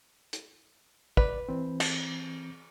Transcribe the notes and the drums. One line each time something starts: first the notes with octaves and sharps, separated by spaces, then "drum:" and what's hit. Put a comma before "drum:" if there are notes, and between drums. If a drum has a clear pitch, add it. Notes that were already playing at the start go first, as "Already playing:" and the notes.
drum: hi-hat
B4 D5, drum: kick
E3 C4
A5, drum: cymbal